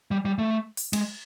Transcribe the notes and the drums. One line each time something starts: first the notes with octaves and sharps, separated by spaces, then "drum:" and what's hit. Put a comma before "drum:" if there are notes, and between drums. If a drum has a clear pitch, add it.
G3
G3
A3
drum: open hi-hat
G#3, drum: cymbal